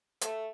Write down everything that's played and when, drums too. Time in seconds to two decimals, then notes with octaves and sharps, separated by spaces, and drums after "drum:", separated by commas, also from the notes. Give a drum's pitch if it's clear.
0.21 A3, drum: hi-hat